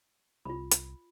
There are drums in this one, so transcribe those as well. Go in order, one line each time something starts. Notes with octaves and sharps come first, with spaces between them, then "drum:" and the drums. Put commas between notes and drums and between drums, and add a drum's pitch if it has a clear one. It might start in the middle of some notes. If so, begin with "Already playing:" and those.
C2 F4 B5
drum: hi-hat